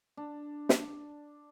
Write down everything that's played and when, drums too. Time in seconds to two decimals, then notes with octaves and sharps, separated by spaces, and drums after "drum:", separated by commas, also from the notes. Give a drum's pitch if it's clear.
0.17 D4
0.69 drum: snare